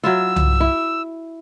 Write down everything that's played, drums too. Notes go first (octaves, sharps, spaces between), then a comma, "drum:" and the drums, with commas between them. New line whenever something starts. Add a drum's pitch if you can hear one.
F#3 E4 F4 E6
drum: tom C2
E4